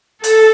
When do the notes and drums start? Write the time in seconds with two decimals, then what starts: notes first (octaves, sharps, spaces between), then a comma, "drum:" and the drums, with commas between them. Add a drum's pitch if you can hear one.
0.24 A4, drum: hi-hat